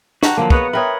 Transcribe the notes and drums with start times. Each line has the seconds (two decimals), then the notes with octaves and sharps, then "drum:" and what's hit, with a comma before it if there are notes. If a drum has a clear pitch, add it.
0.23 F#4 G4 F#5 A5 A#5 F#6, drum: snare
0.37 D3 F3 F#3 A#3 A5
0.50 B3 G#4 B4 C#5 D#5 F#5, drum: kick
0.73 A#4 B4 C#5 E5 G5 B5 D#6